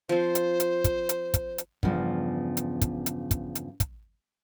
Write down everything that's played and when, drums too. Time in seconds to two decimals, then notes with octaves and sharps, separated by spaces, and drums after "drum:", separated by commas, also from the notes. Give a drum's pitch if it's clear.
0.09 F3 C4 C5
0.35 drum: hi-hat
0.60 drum: hi-hat
0.84 drum: kick, hi-hat
1.09 drum: hi-hat
1.34 drum: kick, hi-hat
1.58 drum: hi-hat
1.83 E2 G2 C#3 F3, drum: kick
2.57 drum: hi-hat
2.81 drum: kick, hi-hat
3.06 drum: hi-hat
3.31 drum: kick, hi-hat
3.55 drum: hi-hat
3.80 drum: kick, hi-hat